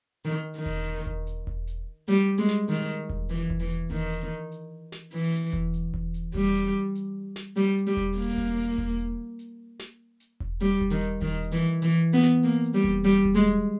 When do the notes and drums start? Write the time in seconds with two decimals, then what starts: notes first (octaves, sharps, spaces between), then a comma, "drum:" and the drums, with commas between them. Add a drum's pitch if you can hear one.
0.25 D#3
0.56 D#3
0.66 drum: kick E1
0.86 drum: hi-hat
1.06 drum: kick E1
1.27 drum: hi-hat
1.47 drum: kick E1
1.67 drum: hi-hat
2.08 G3, drum: hi-hat
2.38 G#3
2.49 drum: snare
2.69 D#3
2.89 drum: hi-hat
3.09 drum: kick E1
3.30 E3
3.50 drum: kick E1
3.60 E3
3.70 drum: hi-hat
3.91 D#3, drum: kick E1
4.11 drum: hi-hat
4.52 drum: hi-hat
4.92 drum: snare
5.12 E3
5.33 drum: hi-hat
5.53 drum: kick E1
5.73 drum: hi-hat
5.94 drum: kick E1
6.14 drum: hi-hat
6.34 G3, drum: kick E1
6.55 drum: hi-hat
6.95 drum: hi-hat
7.36 drum: snare
7.56 G3
7.76 drum: hi-hat
7.87 G3
7.97 drum: kick E1
8.17 A#3, drum: hi-hat
8.37 drum: kick E1
8.58 drum: hi-hat
8.78 drum: kick E1
8.98 drum: hi-hat
9.39 drum: hi-hat
9.79 drum: snare
10.20 drum: hi-hat
10.40 drum: kick E1
10.61 G3, drum: hi-hat
10.81 drum: kick E1
10.91 D#3
11.01 drum: hi-hat
11.21 D#3, drum: kick E1
11.42 drum: hi-hat
11.52 E3
11.82 E3
12.13 B3
12.23 drum: snare
12.43 A#3
12.64 drum: hi-hat
12.74 G3
12.84 drum: kick E1
13.04 G3, drum: hi-hat
13.25 drum: kick E1
13.35 G#3
13.45 drum: hi-hat